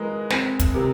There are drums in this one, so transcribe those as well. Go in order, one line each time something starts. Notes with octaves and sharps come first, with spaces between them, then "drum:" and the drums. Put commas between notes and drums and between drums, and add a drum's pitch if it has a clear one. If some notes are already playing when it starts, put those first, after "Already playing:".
Already playing: E3 G#3 A#4 B4
C4, drum: snare
drum: kick, hi-hat
C3 A#4